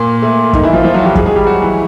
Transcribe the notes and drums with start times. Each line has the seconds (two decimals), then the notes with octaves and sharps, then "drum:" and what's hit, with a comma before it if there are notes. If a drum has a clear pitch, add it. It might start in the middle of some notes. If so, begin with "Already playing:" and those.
Already playing: A#2 A#3
0.22 A3
0.53 D#3 D#4, drum: kick
0.63 E3 E4
0.73 F3 F4
0.84 F3 F4
0.94 F#3 F#4
1.05 G3 G4
1.15 G#3 G#4, drum: kick
1.26 G#3 G#4
1.36 G3 G4
1.46 F#3 F#4
1.62 E3 E4